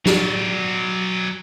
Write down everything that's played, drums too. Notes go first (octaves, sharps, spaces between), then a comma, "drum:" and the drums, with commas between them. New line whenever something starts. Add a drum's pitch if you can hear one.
F#3 D5, drum: snare